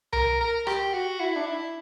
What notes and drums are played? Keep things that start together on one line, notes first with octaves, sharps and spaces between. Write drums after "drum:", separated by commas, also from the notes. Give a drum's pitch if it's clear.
A#4, drum: tom C2
A#4
G4, drum: rim click
F#4
E4
D4
E4